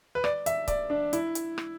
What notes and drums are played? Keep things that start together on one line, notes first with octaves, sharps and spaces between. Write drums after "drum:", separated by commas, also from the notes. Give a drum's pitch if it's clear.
B4
D5, drum: rim click
E5, drum: hi-hat
D5, drum: kick C#1, hi-hat
D4
E4, drum: hi-hat
drum: hi-hat
drum: rim click